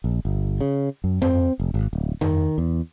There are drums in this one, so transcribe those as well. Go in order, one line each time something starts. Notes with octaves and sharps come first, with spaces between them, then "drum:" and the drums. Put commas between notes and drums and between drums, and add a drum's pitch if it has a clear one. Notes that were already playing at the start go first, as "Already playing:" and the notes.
A#1
G1
C#3
F#2
C4, drum: tom F2
F1
G#1
D1
D#3, drum: tom F2
E2